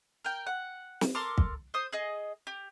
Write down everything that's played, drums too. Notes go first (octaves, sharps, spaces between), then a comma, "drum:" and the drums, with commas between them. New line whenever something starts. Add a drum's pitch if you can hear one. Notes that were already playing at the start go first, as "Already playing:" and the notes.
A#4 G5
F#5
drum: snare
A4 A#4 C6 D6
drum: kick
C5 D#6
G#4 D#5
G4